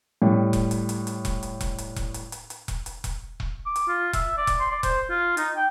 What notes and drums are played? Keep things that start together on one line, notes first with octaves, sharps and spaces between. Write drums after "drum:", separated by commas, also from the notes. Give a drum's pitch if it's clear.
A2 G3
drum: kick E1, hi-hat
drum: hi-hat
drum: hi-hat
drum: hi-hat
drum: kick E1, hi-hat
drum: hi-hat
drum: kick E1, hi-hat
drum: hi-hat
drum: kick E1, hi-hat
drum: hi-hat
drum: hi-hat
drum: hi-hat
drum: kick E1, hi-hat
drum: hi-hat
drum: kick E1, hi-hat
drum: kick E1
D6
drum: hi-hat
F4
E5, drum: kick E1, hi-hat
D5
drum: kick E1, hi-hat
C6
D5
C5, drum: kick E1, hi-hat
F4
D#4, drum: hi-hat
G5